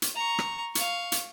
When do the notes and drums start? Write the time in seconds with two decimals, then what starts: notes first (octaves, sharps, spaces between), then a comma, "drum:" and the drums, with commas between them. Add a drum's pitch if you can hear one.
0.02 drum: hi-hat
0.15 A#5 C#6
0.39 drum: rim click
0.75 F5 C#6, drum: hi-hat
1.12 drum: hi-hat